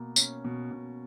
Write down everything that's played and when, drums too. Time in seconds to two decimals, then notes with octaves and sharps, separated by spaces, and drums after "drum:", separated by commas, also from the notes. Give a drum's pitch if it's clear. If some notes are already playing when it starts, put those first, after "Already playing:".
Already playing: B2 A#3
0.16 C#4, drum: tambourine
0.44 B2
0.71 B2